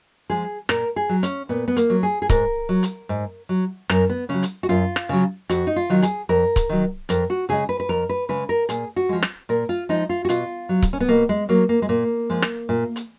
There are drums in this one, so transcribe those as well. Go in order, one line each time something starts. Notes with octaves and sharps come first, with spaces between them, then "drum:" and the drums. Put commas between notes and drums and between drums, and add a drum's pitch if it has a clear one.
F3 G#3 G#4
A#2 A#4, drum: rim click
G#4
F#3
C#4, drum: hi-hat
A#2 B3
B3
A#3, drum: hi-hat
F#3
G#4
G#4
G#2 A#4, drum: kick C#1, hi-hat
F#3
drum: hi-hat
G#2
F#3
F#2 A#4, drum: rim click
B3
C#3 F#3 C#4
drum: hi-hat
F#4
F#2 F4
drum: rim click
C#3 F#3
F2 F#4, drum: hi-hat
D#4
F4
D#3 F#3
G#4, drum: hi-hat
F2 A#4
drum: kick C#1, hi-hat
D#3 F#3
F2 A#4, drum: hi-hat
F#4
C#3 G#3 G#4
B4
B4
F2 A#4
B4
C#3 G#3 B4
A#4
A#2 G#4, drum: hi-hat
F#4
F3 G#3
drum: rim click
A#2 A#4
F4
F3 G#3 D#4
F4
F#4
B2 F4, drum: hi-hat
F#3
drum: kick C#1, hi-hat
C#4
B3
B2 A#3
G#3
F#3 A#3
A#3
G#3
A#2 A#3
F3 G#3
drum: rim click
A#2
drum: hi-hat